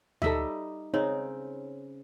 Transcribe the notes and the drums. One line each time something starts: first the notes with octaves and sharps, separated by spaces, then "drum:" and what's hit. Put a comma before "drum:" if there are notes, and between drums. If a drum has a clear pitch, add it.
G3 D#4 A4 D#5 E5, drum: tom D2
C#3 C4 D#4 C#5